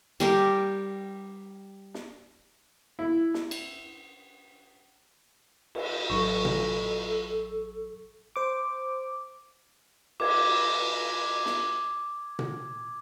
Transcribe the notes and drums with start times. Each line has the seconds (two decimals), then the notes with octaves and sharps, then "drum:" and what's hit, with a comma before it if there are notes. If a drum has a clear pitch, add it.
0.20 G3 G4 A#4, drum: cymbal
1.94 drum: snare
2.99 E4
3.34 drum: snare
3.51 drum: cymbal
5.75 drum: cymbal
6.10 A1 F#3 D#4 F#4 A4 C#6
6.45 drum: tom A#2
8.36 C5 D6
10.20 D6 G#6, drum: cymbal
11.46 drum: snare
12.39 drum: tom A#2